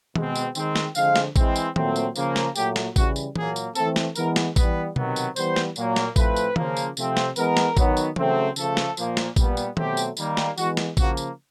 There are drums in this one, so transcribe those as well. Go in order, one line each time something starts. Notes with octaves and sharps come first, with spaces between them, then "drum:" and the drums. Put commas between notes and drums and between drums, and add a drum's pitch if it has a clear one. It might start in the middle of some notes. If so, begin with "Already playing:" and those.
B2 G#3 C4, drum: tom D#3
drum: tambourine
D#3 G#3 C4, drum: tambourine
drum: snare
D3 F3 G#3 C4 F5, drum: tambourine
drum: snare
E3 G#3 C4, drum: kick A1, tambourine
drum: tambourine
A#2 F#3 A3 C4, drum: tom D#3
drum: tambourine
C#3 F3 A#3, drum: tambourine
drum: snare
A#2 F#3 A3 G4, drum: tambourine
drum: snare
C#3 E3 G3 F#4, drum: kick A1, tambourine
drum: tambourine
A#2 F#3 A#3 G#4, drum: tom E3
drum: tambourine
E3 A3 C4 A4, drum: tambourine
drum: snare
E3 G#3 B3 A#4, drum: tambourine
drum: snare
E3 G3 B3 B4, drum: kick A1, tambourine
C3 D#3 F#3 B3, drum: tom B2
drum: tambourine
E3 G3 B3 C5, drum: tambourine
drum: snare
A#2 F#3 A#3, drum: tambourine
drum: snare
A2 F3 A3 C4 B4, drum: kick A1, tambourine
drum: tambourine
C#3 F3 A#3, drum: tom D#3
drum: tambourine
C3 F3 A3 C4, drum: tambourine
drum: snare
E3 G#3 B3 A#4, drum: tambourine
drum: snare
D#3 F#3 B3, drum: kick A1, tambourine
drum: tambourine
C#3 F#3 A3 C4, drum: tom E3
C#3 F3 A3 A4, drum: tambourine
drum: snare
A#2 F3 A#3, drum: tambourine
drum: snare
A#2 G3 B3, drum: kick A1, tambourine
drum: tambourine
B2 F#3 A3 C4 G4, drum: tom D#3
drum: tambourine
D#3 G3 A#3, drum: tambourine
drum: snare
E3 G#3 B3 F#4, drum: tambourine
drum: snare
C#3 F3 A#3 F#4, drum: kick A1, tambourine
drum: tambourine